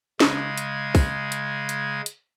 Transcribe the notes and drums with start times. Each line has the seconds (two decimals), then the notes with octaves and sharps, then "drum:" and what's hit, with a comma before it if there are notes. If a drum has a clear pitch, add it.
0.20 C#3 G#3 G#6, drum: snare
0.58 drum: hi-hat
0.95 drum: kick, open hi-hat
1.32 drum: hi-hat
1.69 drum: hi-hat
2.06 drum: hi-hat